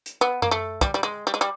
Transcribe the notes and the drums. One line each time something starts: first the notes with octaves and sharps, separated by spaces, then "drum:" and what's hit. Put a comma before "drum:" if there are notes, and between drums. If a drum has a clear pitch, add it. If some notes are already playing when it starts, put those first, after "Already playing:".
drum: hi-hat
B3
A#3, drum: tom F#2
A3
G3, drum: kick
G3
G#3
G3
G#3
G3